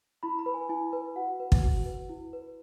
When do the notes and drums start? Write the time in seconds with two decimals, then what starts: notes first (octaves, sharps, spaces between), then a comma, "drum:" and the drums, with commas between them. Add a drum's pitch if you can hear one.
0.23 E4 B5
0.39 B5
0.46 B4
0.54 G#5
0.69 E4 G#5
0.93 B4
1.16 F#4 F#5
1.40 B4
1.52 drum: kick
1.62 F#4
1.86 B4
2.09 E4
2.33 B4